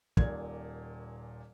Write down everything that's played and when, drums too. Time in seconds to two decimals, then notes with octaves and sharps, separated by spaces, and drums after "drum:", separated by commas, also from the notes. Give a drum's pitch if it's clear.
0.17 D#1 A#2 G#6, drum: kick